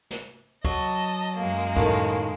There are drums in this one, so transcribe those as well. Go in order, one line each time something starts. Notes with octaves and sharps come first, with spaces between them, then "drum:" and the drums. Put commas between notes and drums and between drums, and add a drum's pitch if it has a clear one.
drum: snare
F#3 D#5 A5, drum: kick
F#2 G#3 A#3
A2 D#3, drum: kick